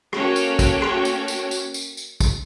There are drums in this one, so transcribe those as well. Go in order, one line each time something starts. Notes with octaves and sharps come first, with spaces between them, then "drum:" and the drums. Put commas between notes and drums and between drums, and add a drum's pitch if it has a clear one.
A#3 C#4 F#4 A4 C#5 G5, drum: rim click
drum: tambourine
drum: kick, tambourine
drum: rim click
drum: tambourine
drum: tambourine
drum: tambourine
drum: tambourine
drum: tambourine
drum: kick, tambourine